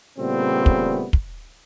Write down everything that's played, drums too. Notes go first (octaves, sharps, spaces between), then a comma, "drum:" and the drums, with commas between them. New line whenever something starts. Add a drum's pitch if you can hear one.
A#2 C#3 G3 A3 B3 C4
drum: kick
drum: kick